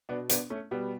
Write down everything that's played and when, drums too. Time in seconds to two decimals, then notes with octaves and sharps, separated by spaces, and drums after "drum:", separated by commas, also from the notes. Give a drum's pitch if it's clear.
0.09 B2 B3 D4
0.29 B3 D4, drum: hi-hat
0.50 A3 C#4
0.71 B2 G3 B3